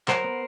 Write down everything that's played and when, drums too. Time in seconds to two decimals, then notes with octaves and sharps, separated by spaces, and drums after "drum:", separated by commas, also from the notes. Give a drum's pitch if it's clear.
0.08 F#3 A#4 C5, drum: clap
0.24 B3